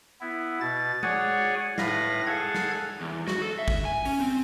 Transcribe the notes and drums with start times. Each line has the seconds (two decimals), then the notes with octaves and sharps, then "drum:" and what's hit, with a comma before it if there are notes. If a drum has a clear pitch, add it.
0.21 B3 E4
0.60 B2 A6
1.03 G#4 C#5 D5 F#5 G#5, drum: tom G#3
1.78 A2 B4 F5 A#6, drum: snare
2.26 G#4 A4 F5 F#5 G#6
2.54 drum: snare
3.01 E2
3.28 F#4, drum: snare
3.42 A4
3.59 E5
3.68 drum: kick
3.85 G#5
4.05 C#4, drum: open hi-hat
4.20 C4